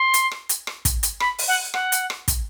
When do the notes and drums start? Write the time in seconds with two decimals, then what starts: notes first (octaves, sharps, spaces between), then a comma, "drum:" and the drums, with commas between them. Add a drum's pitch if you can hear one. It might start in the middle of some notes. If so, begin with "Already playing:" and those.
Already playing: C6
0.14 drum: hi-hat
0.31 drum: rim click
0.49 drum: hi-hat
0.67 drum: rim click
0.85 drum: kick, hi-hat
1.03 drum: hi-hat
1.20 B5, drum: rim click
1.38 drum: open hi-hat
1.48 F#5
1.74 F#5, drum: rim click
1.92 drum: hi-hat
2.10 drum: rim click
2.28 drum: kick, hi-hat